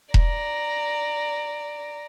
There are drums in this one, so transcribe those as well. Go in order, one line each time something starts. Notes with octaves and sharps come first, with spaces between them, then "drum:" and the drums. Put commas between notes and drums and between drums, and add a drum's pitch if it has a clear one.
D5 A#5, drum: kick E1